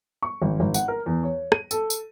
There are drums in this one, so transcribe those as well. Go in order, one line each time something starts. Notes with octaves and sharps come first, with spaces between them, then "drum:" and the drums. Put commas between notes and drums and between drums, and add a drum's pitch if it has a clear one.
C#6
G#1
G#1
F#5, drum: tambourine
A#4
E2
C#5
D#7, drum: rim click
A4, drum: tambourine
drum: tambourine